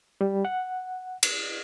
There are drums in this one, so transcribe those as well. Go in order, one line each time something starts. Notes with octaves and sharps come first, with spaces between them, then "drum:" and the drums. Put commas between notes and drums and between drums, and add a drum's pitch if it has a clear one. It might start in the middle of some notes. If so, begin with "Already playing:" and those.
G3
F#5
drum: cymbal